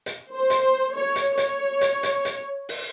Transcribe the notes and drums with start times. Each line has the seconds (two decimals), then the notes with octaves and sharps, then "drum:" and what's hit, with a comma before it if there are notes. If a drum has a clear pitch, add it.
0.06 drum: hi-hat
0.33 C5
0.50 drum: hi-hat
0.96 C#5
1.16 drum: hi-hat
1.37 C#5, drum: hi-hat
1.81 drum: hi-hat
2.03 drum: hi-hat
2.25 drum: hi-hat
2.69 drum: open hi-hat